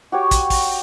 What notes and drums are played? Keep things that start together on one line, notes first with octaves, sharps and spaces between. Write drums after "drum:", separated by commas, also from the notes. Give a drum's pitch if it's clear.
F#4 G4 C#5
drum: kick, hi-hat
drum: kick, open hi-hat